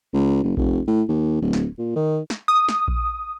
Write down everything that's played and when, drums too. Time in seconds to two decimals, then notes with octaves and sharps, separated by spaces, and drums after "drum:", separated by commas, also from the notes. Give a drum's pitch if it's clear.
0.13 C#2
0.43 F#1
0.57 F1, drum: kick A#1
0.87 A2
1.09 D#2
1.41 D1
1.53 drum: snare
1.78 A#2
1.96 D#3
2.30 drum: snare
2.48 D#6
2.69 drum: snare
2.88 drum: kick A#1